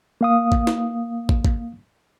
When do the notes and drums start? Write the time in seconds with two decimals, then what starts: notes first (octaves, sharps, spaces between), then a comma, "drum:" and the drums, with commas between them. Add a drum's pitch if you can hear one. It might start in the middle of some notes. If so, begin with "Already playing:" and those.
0.21 A#3 F5 D#6
0.52 drum: kick
0.67 drum: snare
1.29 drum: kick
1.45 drum: kick